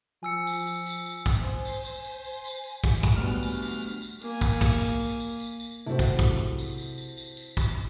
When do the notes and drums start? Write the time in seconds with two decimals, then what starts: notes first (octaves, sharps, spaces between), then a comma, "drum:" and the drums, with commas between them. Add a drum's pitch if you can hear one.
0.23 F3 G#5 E6 C#7
0.47 drum: tambourine
0.67 drum: tambourine
0.86 drum: tambourine
1.06 drum: tambourine
1.26 drum: kick, tambourine
1.41 C5 G#5
1.65 drum: tambourine
1.85 drum: tambourine
2.05 drum: tambourine
2.24 drum: tambourine
2.44 drum: tambourine
2.64 drum: tambourine
2.84 drum: kick, tambourine
3.03 drum: kick, tambourine
3.16 F#3 G3 A3 B3 D4 F6
3.43 drum: tambourine
3.63 drum: tambourine
3.82 drum: tambourine
4.02 drum: tambourine
4.22 A#3 G#5, drum: tambourine
4.41 drum: kick, tambourine
4.61 drum: kick, tambourine
4.81 drum: tambourine
5.01 drum: tambourine
5.20 drum: tambourine
5.40 drum: tambourine
5.60 drum: tambourine
5.86 C3 A3 C4 E4 F#4
5.99 drum: kick, tambourine
6.19 drum: kick, tambourine
6.58 drum: tambourine
6.78 drum: tambourine
6.98 drum: tambourine
7.17 drum: tambourine
7.37 drum: tambourine
7.57 drum: kick, tambourine